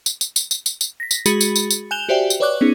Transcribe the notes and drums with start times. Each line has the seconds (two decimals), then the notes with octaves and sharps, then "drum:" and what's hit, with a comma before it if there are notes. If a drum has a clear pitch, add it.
0.06 drum: tambourine
0.21 drum: tambourine
0.36 drum: tambourine
0.51 drum: tambourine
0.66 drum: tambourine
0.81 drum: tambourine
1.00 A#6 B6
1.11 drum: tambourine
1.26 G#3 F#4 G#4 B5 A6 C#7, drum: tambourine
1.41 drum: tambourine
1.56 drum: tambourine
1.71 drum: tambourine
1.91 G#5 F#6 G6 E7 F7 G7
2.09 F#4 G4 C5 D5 E5 G5
2.30 drum: tambourine
2.40 B4 C#5 D5 C#6 D6 F#6
2.61 B3 C#4 D#4 G#4